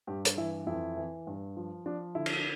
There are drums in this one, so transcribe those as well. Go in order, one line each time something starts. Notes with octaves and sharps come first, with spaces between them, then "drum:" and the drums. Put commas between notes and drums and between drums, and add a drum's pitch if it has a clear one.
G2 G4
drum: hi-hat
E3 E4
F2 E4
E3
G2
F3
F3 D4
D3 E4
drum: cymbal